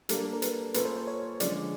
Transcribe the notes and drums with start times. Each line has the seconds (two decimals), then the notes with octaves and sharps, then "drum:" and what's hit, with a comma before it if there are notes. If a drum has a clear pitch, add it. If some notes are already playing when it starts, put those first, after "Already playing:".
0.09 G3 A#3 D4 A4, drum: hi-hat
0.17 A#4
0.25 A4
0.33 A#4
0.42 B4, drum: hi-hat
0.74 A#3 C#4 F4 A4 B4, drum: hi-hat
0.85 C5
0.96 C5
1.07 C#5
1.40 D3 F3 G#3 C#4 D5, drum: hi-hat